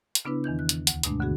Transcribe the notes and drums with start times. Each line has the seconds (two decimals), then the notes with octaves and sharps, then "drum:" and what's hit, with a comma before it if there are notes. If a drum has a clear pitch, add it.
0.15 drum: hi-hat
0.25 C#3 B3 D4 E4 B4
0.44 E2 D#3 E3 G6
0.59 F#6
0.69 drum: hi-hat
0.87 D2, drum: hi-hat
1.03 G2 B2 G#3 A3 D4, drum: hi-hat
1.19 D2 D3 B3 F#4 G#4